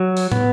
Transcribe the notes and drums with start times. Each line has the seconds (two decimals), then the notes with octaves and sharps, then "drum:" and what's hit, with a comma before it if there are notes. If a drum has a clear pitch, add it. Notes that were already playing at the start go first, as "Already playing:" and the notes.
Already playing: F#3
0.17 drum: open hi-hat
0.32 B3, drum: tom